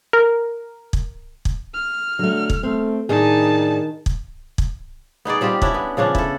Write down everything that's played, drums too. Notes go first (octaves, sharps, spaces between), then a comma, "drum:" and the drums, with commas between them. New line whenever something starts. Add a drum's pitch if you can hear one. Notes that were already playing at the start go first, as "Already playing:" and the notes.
A#4
drum: kick
drum: kick
F6
D3 F#3 A3
drum: kick
A3 C4
A2 D#3 D4 D#4 G#4 A5
drum: kick
drum: kick
B3 D#4 G#4 D5
G3 C4 F4 G4
C#4 D4 E4, drum: kick
B3
C#3 F3 C#4 D4
E4 A4, drum: kick